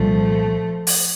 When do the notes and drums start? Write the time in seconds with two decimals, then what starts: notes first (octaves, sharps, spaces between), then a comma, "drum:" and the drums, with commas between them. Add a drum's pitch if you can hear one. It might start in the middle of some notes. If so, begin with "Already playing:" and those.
Already playing: C2 A#2 F3 G3 A3
0.87 drum: open hi-hat